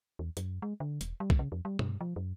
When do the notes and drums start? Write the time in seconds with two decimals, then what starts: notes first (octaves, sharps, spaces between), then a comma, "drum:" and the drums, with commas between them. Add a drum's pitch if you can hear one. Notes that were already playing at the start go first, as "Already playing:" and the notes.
0.19 E2
0.37 F#2, drum: hi-hat
0.62 G#3
0.80 D3
1.01 E1, drum: hi-hat
1.20 G3
1.30 drum: kick B1
1.39 C#3
1.52 F2
1.65 G3
1.79 G2, drum: tom B2
2.01 F3
2.16 F#2